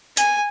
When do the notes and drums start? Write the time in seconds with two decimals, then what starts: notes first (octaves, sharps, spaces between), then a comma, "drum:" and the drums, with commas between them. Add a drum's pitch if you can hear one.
0.17 G#5, drum: hi-hat